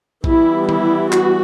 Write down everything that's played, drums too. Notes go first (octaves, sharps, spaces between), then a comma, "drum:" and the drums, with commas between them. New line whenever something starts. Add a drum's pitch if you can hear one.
E3 G3 B3 E4, drum: kick A#1
E4, drum: tom D#3
F#4, drum: clap